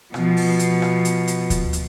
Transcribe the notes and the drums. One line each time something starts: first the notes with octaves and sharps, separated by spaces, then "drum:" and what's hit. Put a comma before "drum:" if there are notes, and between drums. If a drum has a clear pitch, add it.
B2 F3, drum: rim click
drum: open hi-hat
drum: hi-hat
drum: rim click
drum: hi-hat
drum: hi-hat
drum: kick D2, hi-hat
drum: hi-hat